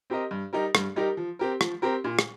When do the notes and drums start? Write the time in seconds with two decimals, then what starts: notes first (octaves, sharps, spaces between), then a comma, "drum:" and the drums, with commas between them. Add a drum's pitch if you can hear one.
0.10 C4 G4 A#4 D#5
0.31 G2
0.53 G3 D#4 G4 A#4
0.75 G2, drum: rim click
0.96 G3 D#4 G4 A#4
1.17 F3
1.39 C4 G4 A#4
1.61 F3, drum: rim click
1.82 C4 G4 A#4
2.04 A#2
2.19 drum: rim click